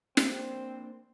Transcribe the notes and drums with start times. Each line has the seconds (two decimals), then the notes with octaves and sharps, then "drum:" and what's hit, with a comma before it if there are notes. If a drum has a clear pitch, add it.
0.17 A#3 C4 D4 C5, drum: snare